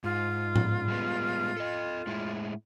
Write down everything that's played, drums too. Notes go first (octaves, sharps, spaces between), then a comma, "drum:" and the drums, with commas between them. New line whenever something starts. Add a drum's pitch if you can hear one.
G#2 F4
drum: tom A2
G3 G#3 B3
A4 D#5
A2 G#3 E4